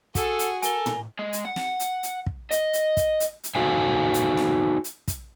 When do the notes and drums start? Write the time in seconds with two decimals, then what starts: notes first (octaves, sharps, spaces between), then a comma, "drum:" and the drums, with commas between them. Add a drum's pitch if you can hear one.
0.15 F#4 G#4 A4 F#5, drum: kick, hi-hat
0.39 drum: hi-hat
0.62 A4 A#4 G#5 G7, drum: hi-hat
0.86 drum: tom
1.19 G#3
1.33 drum: hi-hat
1.45 F#5
1.56 drum: snare
1.80 drum: hi-hat
2.03 drum: hi-hat
2.26 drum: kick
2.51 D#5, drum: hi-hat
2.73 drum: hi-hat
2.97 drum: kick, hi-hat
3.20 drum: hi-hat
3.44 drum: hi-hat
3.55 D#4 F#4 A4 C5 F5 G#5
4.14 drum: hi-hat
4.37 drum: snare
4.84 drum: hi-hat
5.08 drum: kick, hi-hat